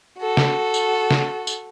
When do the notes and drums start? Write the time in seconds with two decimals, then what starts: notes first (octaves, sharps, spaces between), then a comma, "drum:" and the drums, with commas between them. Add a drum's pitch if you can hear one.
0.19 F#4 A4
0.37 drum: snare
0.74 drum: tambourine
1.11 drum: snare
1.47 drum: tambourine